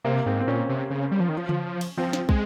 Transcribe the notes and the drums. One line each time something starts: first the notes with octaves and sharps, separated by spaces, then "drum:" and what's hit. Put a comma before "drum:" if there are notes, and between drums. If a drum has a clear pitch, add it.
C3 A#3
G#2 C4
C4
A#2 C#4
C3
C#3
G3
F3
D#3
F3
drum: tom C#3
drum: cymbal
F3 C4
drum: snare
G#3, drum: kick